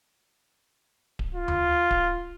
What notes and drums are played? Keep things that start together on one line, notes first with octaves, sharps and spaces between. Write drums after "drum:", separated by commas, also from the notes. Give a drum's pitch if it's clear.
drum: kick D1
F4
drum: tom D2
drum: kick D1